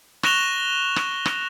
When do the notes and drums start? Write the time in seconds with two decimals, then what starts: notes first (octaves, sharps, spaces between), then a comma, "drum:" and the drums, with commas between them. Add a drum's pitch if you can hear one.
0.23 C#6 F#6 A#6 E7 F7 G7, drum: rim click
0.96 drum: rim click
1.26 drum: rim click